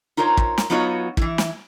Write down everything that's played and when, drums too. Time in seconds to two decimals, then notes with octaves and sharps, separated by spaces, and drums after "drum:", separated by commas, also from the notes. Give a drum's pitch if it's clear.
0.17 D#4 F4 A#4 C5 C#5
0.37 drum: kick
0.58 drum: snare
0.70 F#3 B3 D#4 F4 F#4 C#5
1.17 E3 E4, drum: kick
1.38 drum: snare